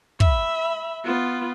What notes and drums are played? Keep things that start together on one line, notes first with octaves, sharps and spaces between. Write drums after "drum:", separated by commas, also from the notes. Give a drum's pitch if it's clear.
E5 B5, drum: kick
B3 F4